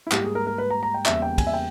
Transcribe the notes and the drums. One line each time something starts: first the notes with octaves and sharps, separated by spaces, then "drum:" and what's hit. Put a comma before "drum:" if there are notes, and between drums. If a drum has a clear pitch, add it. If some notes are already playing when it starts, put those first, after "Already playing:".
E4
G#2 G3 A#3 G4, drum: clap
G#4
A#4
A#4
B4
A#5
A#5
G5
E2 C#3 G3 A#3 E5, drum: clap
G5
G#5, drum: kick, cymbal
E5
G5